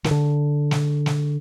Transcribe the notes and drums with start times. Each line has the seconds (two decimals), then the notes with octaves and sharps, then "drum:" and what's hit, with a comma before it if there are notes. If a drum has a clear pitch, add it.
0.04 D#3, drum: snare
0.11 D3
0.71 drum: snare
1.06 drum: snare